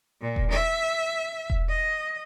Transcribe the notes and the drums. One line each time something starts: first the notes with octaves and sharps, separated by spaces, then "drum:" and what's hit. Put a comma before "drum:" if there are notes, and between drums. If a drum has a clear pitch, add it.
A#2
drum: kick E1
E5
drum: kick E1
D#5